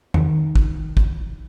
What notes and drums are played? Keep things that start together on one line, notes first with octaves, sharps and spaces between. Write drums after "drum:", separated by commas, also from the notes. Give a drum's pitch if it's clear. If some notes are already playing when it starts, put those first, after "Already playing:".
D#3, drum: tom E2
drum: kick
drum: kick